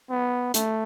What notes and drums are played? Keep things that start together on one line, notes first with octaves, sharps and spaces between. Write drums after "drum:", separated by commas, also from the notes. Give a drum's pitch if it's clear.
B3
A3, drum: hi-hat